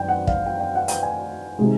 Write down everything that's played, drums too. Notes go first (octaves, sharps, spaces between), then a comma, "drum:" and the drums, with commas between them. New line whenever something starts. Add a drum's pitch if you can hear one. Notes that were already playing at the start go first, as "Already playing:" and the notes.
Already playing: F#2 D#3 G5
F#5
F5, drum: kick
G5
G5
F#5
G5, drum: hi-hat
G#5
C3 D#3 G#3